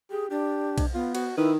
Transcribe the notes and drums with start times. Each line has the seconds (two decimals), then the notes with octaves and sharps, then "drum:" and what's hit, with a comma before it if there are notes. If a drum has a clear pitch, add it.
0.11 G4 G#4
0.30 D4 G4
0.78 drum: kick B1, cymbal
0.94 B3 F4
1.15 F#4, drum: cymbal
1.37 D#3 E4 B4